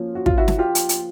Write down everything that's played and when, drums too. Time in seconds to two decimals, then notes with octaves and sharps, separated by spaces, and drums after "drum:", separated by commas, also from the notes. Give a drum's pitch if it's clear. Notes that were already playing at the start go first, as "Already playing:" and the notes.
Already playing: F3 A#3 C#4
0.15 F#4
0.26 F4, drum: kick
0.37 E4 F#4
0.48 drum: snare
0.58 F4 G4
0.75 drum: hi-hat
0.89 drum: hi-hat